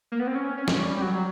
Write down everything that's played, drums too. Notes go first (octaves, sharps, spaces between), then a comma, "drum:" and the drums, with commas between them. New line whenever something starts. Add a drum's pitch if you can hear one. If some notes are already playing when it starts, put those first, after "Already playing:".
A#3
B3
C4
C#4
C#4
drum: snare
G3
G3
F#3
F#3